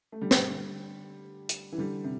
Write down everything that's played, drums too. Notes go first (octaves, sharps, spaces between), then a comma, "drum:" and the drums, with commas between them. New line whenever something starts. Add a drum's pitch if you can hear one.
A3
D3 G3
drum: snare
drum: hi-hat
E3
D3 G3
C3